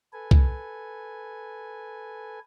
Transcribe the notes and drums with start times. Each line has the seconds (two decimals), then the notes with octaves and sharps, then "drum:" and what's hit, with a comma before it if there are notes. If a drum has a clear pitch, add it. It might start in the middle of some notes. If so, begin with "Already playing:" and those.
0.13 A4 B4 G#5
0.31 drum: kick